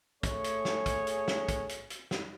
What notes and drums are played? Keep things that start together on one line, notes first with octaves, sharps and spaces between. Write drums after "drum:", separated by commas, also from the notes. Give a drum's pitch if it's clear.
A3 G#4 C#5, drum: kick, hi-hat
drum: hi-hat
drum: snare
drum: kick, hi-hat
drum: hi-hat
drum: snare
drum: kick, hi-hat
drum: hi-hat
drum: hi-hat
drum: snare